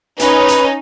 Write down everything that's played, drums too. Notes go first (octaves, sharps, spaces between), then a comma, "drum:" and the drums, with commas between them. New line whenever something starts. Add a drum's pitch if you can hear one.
C#4 D#4 B4, drum: hi-hat
drum: hi-hat